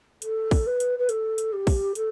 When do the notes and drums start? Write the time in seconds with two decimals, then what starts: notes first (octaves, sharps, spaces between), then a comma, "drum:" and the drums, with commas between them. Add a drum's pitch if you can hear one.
0.22 A4, drum: hi-hat
0.51 drum: kick, open hi-hat
0.66 B4
0.80 drum: hi-hat
0.98 B4
1.09 A4, drum: hi-hat
1.38 drum: hi-hat
1.52 G4
1.67 drum: kick, open hi-hat
1.95 A4, drum: hi-hat